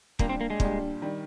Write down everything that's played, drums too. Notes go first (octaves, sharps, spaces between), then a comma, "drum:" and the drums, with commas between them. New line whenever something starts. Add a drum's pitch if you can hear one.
A#2 G3 A#3 D4 G4, drum: kick
C4
A#3
G#3
A#2 G3 D4 G4, drum: kick
D#3 G3